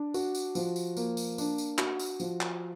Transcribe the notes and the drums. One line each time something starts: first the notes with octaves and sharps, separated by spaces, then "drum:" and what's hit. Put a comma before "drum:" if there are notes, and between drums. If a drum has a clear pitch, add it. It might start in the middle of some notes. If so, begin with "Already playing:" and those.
Already playing: D4
F#4, drum: tambourine
drum: tambourine
F3, drum: tambourine
drum: tambourine
A#3, drum: tambourine
drum: tambourine
D4, drum: tambourine
drum: tambourine
F#4, drum: clap
drum: tambourine
F3, drum: tambourine
drum: clap